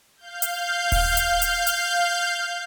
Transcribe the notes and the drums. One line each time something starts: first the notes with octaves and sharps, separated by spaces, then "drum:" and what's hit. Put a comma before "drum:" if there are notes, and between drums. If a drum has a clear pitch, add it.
F5 G6
drum: hi-hat
drum: kick D#1, open hi-hat
drum: hi-hat
drum: hi-hat
drum: hi-hat